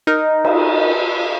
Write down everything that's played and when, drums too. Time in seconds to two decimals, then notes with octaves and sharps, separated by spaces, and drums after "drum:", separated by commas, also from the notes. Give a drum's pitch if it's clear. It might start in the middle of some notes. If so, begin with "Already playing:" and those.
0.07 D#4 A#4
0.45 drum: cymbal